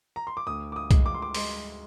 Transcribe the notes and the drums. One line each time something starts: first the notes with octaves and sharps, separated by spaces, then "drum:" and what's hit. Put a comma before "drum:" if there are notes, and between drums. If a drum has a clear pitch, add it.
A#5
C6
D6
D2 D#6
D6
D#6
G#3, drum: kick, hi-hat
D6
C6
D6
G#3 C6, drum: open hi-hat